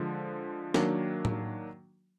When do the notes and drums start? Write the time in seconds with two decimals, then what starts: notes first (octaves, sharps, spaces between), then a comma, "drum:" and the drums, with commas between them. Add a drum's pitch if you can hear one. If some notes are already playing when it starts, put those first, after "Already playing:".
Already playing: D3 F3 G#3
0.74 D#3 F#3 A#3 D4, drum: snare
1.25 drum: tom A2